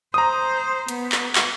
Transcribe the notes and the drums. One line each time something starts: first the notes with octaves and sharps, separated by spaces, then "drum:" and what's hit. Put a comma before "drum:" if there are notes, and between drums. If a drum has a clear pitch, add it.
C5 A#5 D#6
B3, drum: hi-hat
drum: clap
drum: clap